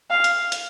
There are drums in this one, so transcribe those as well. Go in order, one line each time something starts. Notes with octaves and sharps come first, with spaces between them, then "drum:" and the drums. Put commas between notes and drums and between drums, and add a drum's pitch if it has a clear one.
F5
drum: hi-hat
drum: hi-hat